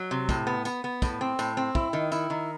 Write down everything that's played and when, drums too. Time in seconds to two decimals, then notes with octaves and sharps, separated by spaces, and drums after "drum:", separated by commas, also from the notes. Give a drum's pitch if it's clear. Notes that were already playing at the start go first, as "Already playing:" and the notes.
Already playing: F#3
0.11 C3
0.29 A2, drum: kick, tambourine
0.47 B3
0.65 B3, drum: tambourine
0.84 B3
1.02 A2, drum: kick, tambourine
1.21 C4
1.39 A2, drum: tambourine
1.57 C4
1.75 E4, drum: kick
1.93 D#3
2.12 E4, drum: tambourine
2.30 D#3